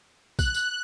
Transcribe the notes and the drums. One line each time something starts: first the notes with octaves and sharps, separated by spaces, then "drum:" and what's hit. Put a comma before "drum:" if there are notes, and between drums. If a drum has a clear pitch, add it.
F#6, drum: kick, tambourine
drum: tambourine